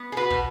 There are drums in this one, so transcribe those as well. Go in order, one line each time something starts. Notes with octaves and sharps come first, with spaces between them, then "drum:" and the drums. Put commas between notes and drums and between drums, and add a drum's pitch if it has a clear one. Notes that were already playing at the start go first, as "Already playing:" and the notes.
Already playing: B3
G#4
F#4 B4
B2, drum: kick